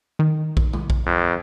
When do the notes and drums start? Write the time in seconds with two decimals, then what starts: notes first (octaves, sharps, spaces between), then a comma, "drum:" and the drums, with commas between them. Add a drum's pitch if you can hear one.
0.19 D#3
0.57 drum: kick A#1
0.73 drum: tom C3
0.90 drum: kick A#1
1.06 F2